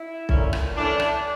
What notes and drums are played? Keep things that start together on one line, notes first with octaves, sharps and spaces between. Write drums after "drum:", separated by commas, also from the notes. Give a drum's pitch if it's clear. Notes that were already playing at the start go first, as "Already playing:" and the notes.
Already playing: E4
A#2 A3 C#4, drum: kick B1
drum: rim click
E3 A3 C#4 D4
drum: rim click